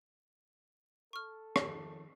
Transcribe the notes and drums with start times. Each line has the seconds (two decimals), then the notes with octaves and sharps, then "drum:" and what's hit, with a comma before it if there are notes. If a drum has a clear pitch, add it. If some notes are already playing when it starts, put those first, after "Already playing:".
1.13 A4 C#6 F6
1.56 D#3 F3, drum: rim click